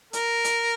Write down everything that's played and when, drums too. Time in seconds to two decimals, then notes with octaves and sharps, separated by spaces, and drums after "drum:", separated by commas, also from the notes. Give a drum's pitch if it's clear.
0.13 A#4, drum: hi-hat
0.44 drum: hi-hat